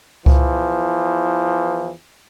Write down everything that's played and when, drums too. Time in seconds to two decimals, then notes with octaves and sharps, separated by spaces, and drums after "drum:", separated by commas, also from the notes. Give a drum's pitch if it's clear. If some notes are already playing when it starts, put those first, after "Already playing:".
0.26 E2 E3 F3, drum: kick C#2